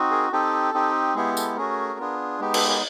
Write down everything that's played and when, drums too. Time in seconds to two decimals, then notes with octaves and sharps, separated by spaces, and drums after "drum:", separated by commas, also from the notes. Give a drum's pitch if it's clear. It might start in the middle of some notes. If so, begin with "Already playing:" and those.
Already playing: C4 D#4 F#4
0.11 G#4 A#4
0.32 C4 D#4 G4 A4
0.74 C4 D#4 G4
1.15 G#3 B3 E4 G4 G#4
1.37 A4, drum: tambourine
1.56 A3 C#4 F#4 G#4 A#4
1.99 B3 D4 F4 G#4
2.40 G#3 B3 D#4 G4
2.54 A4 B4, drum: cymbal
2.68 G#4 A#4